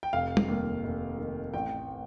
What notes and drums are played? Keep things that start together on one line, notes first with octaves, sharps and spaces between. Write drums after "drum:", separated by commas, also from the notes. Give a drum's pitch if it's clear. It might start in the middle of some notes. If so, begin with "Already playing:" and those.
G5
F1 F5
drum: tom
D#2
F1
D#3
A1 G5